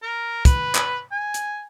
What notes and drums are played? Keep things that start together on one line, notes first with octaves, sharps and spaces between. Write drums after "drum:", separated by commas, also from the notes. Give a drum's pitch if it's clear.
A#4
B4, drum: kick, hi-hat
drum: clap
G#5
drum: hi-hat